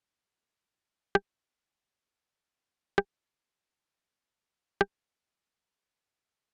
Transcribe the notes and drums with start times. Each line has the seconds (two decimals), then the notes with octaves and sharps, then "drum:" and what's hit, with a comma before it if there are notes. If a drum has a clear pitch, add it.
0.24 A#3
0.46 A3
0.69 A#3
1.15 drum: rim click
2.29 D4
2.33 C4
2.98 drum: rim click
3.66 D4
3.89 D4
4.01 D4
4.12 C4
4.36 A3
4.58 A3
4.81 drum: rim click
5.04 A3
5.21 A#3
5.38 D4
5.55 D#4
5.72 G4
6.06 F4